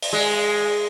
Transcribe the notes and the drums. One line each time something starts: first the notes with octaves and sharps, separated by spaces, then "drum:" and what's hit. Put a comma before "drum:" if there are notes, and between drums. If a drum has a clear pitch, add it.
drum: open hi-hat
G#3